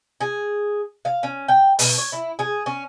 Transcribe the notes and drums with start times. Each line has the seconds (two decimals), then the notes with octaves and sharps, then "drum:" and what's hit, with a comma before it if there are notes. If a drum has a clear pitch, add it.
0.21 G#4
1.05 F5
1.23 C#4
1.48 G5
1.79 B2, drum: open hi-hat
1.98 C#5
2.12 E4
2.39 G#4
2.66 C#4